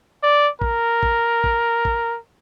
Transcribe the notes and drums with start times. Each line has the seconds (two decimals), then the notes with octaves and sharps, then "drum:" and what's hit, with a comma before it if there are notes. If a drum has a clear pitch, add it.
0.23 D5
0.62 A#4, drum: kick
1.03 drum: kick
1.44 drum: kick
1.85 drum: kick